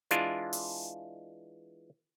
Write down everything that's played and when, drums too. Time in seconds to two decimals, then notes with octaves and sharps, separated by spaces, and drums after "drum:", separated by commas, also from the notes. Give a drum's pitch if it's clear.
0.11 E3 G#3 D4 F4, drum: hi-hat
0.53 drum: open hi-hat